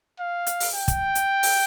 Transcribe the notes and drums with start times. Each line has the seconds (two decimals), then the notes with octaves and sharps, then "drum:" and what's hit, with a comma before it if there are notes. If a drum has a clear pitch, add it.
0.19 F5
0.46 drum: hi-hat
0.60 drum: open hi-hat
0.74 G5
0.88 drum: kick, hi-hat
1.15 drum: hi-hat
1.43 drum: open hi-hat